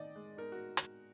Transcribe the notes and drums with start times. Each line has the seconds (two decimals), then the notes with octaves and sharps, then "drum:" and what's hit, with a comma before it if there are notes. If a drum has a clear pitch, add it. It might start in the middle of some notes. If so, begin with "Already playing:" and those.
Already playing: D#3 D#4 D5 D#5
0.16 G#3
0.38 D#4 A#4
0.52 F#4
0.77 drum: hi-hat